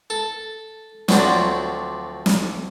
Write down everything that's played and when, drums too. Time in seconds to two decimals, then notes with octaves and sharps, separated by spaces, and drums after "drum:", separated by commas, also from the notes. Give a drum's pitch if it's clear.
0.10 A4
1.08 D2 D3 F3 F#3 C4, drum: snare
2.26 drum: snare